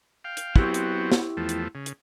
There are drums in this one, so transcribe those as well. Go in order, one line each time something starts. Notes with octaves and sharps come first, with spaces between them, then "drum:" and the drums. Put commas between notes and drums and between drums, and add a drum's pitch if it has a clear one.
F5 G5
drum: hi-hat
F#3 B3 C4 E4 G4, drum: kick
drum: hi-hat
drum: snare
E2 F3 A3
drum: hi-hat
C#3
drum: hi-hat